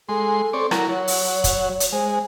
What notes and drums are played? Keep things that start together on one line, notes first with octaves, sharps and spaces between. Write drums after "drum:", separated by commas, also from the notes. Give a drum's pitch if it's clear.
G#3 A4 C6
C4 C#5 D5
F#3 E4 A#4, drum: rim click
F#3 C#5
drum: open hi-hat
drum: kick, hi-hat
drum: hi-hat
G#3 C5